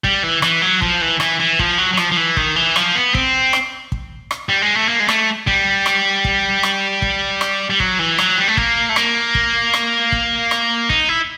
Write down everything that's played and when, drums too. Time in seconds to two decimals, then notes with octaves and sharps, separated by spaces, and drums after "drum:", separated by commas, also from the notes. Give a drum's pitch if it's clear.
0.04 G3, drum: kick
0.23 E3
0.42 E3, drum: rim click
0.62 F#3
0.82 F3, drum: kick
1.01 E3
1.20 E3, drum: rim click
1.40 E3
1.59 F3, drum: kick
1.78 F#3
1.93 F#3
1.97 F3, drum: rim click
2.12 F3
2.17 E3
2.37 D#3, drum: kick
2.56 E3
2.76 F3, drum: rim click
2.95 B3
3.15 C4, drum: kick
3.53 drum: rim click
3.92 drum: kick
4.31 drum: rim click
4.49 G3
4.62 G#3
4.75 A3
4.89 A#3
5.00 G#3
5.09 A3, drum: rim click
5.47 G3, drum: kick
5.86 drum: rim click
6.25 drum: kick
6.63 drum: rim click
7.02 drum: kick
7.41 drum: rim click
7.70 G3
7.80 F#3, drum: kick
7.99 E3
8.18 F#3, drum: rim click
8.38 G3
8.48 A3
8.57 A#3, drum: kick
8.89 A3
8.96 A#3, drum: rim click
9.35 drum: kick
9.74 drum: rim click
10.12 drum: kick
10.51 drum: rim click
10.90 D#4, drum: kick
11.09 E4